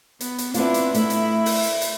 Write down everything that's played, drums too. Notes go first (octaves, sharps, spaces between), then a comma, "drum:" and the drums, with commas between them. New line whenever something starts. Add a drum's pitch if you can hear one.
B3, drum: hi-hat
drum: hi-hat
B3 C4 D4 E4 F4, drum: hi-hat
drum: hi-hat
A3 E4 D#5, drum: hi-hat
drum: hi-hat
drum: open hi-hat
drum: hi-hat
drum: hi-hat